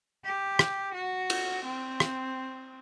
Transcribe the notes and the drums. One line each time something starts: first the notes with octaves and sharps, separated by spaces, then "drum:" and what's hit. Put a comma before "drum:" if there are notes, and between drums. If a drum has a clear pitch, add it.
G4
drum: rim click
F#4
drum: cymbal
C4
drum: rim click